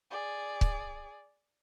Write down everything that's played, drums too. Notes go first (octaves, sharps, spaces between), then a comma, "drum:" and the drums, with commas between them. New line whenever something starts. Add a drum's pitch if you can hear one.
G#4 D5
drum: kick C#1